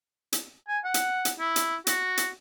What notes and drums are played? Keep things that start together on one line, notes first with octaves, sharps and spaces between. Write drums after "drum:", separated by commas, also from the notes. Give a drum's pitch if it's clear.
drum: hi-hat
G#5
F#5
drum: hi-hat
drum: hi-hat
E4
drum: hi-hat
F#4, drum: hi-hat
drum: hi-hat